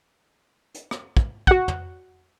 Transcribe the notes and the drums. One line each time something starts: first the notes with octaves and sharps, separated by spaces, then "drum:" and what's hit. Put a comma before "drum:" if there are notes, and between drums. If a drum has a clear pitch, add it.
drum: hi-hat
drum: rim click
drum: kick
F#4 F#5, drum: kick
drum: tom